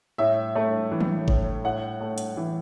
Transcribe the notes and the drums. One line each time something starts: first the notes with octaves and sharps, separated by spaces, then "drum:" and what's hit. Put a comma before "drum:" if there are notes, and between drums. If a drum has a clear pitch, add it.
A2 E5
A3
E3
drum: tom
A2, drum: kick G1
A2 F#5
A3
drum: hi-hat
E3